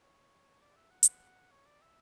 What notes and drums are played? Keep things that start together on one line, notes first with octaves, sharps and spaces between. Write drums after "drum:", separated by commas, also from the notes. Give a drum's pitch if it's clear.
C#5
D5
E5
F#5
drum: hi-hat
C#5
D5
E5